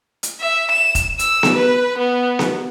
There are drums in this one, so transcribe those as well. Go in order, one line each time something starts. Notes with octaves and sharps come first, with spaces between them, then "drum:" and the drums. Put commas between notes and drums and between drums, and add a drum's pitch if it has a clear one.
drum: hi-hat
E5
E7
drum: kick F1, hi-hat
E6, drum: hi-hat
drum: snare B3
B4
B3
drum: snare B3